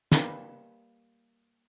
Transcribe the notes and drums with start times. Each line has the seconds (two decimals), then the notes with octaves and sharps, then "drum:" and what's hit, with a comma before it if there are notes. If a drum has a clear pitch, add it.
0.12 G3 A#3 B4, drum: snare